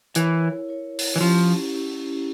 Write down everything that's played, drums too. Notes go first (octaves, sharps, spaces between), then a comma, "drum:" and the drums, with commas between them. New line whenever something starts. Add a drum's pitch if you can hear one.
E3 E4 A#4 C#5, drum: hi-hat
E4 A#4 C#5
drum: open hi-hat
E3
F3 C#4 E4 G4
C#4 E4 G4